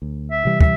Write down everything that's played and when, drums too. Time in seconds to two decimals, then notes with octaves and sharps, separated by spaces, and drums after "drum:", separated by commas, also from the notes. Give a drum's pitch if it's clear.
0.02 D2
0.31 E5
0.45 C3 E3 G3
0.61 E5, drum: kick